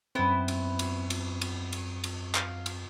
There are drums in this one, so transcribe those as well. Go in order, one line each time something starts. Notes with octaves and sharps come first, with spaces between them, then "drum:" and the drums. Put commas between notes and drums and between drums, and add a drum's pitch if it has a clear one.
F#2 B3 C4 E4 C5
drum: cymbal
drum: cymbal
drum: cymbal
drum: cymbal
drum: cymbal
drum: cymbal
F5, drum: clap
drum: cymbal